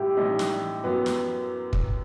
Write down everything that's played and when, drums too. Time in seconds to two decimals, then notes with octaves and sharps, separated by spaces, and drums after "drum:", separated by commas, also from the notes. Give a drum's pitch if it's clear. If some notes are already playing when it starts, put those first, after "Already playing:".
Already playing: A1 A2 G3 E4 G4
0.17 A1 A2 G3 D#4
0.39 drum: snare
0.84 F#2 F#3 B3
1.06 drum: snare
1.73 drum: kick